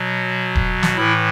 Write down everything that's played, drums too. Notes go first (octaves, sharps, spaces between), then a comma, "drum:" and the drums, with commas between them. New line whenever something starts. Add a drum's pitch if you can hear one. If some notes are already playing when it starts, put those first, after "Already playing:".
Already playing: B2 F#3
drum: kick D#1
drum: snare
A2 E3 E4